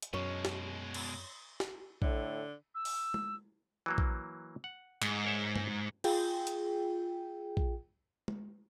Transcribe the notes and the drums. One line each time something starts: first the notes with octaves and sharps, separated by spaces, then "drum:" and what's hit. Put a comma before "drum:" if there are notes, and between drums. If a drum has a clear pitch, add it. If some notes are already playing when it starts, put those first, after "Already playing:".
drum: hi-hat
F#2 B2 G#3 C#4 C#5
drum: snare
drum: cymbal
drum: snare
A2 D3, drum: kick
E6
drum: open hi-hat
drum: tom
E3 F#3 A#3
drum: kick
F#5
G#2, drum: clap
A#4 C#5 E5
drum: tom G2
F4 G#4 G5, drum: cymbal
drum: hi-hat
drum: kick
drum: tom